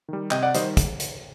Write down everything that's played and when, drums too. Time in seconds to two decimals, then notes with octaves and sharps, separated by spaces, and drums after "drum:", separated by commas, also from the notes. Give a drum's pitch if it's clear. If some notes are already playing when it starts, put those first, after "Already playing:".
0.08 D#3 G3
0.31 C3 D#5 G5, drum: clap
0.43 D5 F#5
0.55 D#3 G3 C5 D#5, drum: hi-hat
0.77 drum: kick, hi-hat
1.00 drum: hi-hat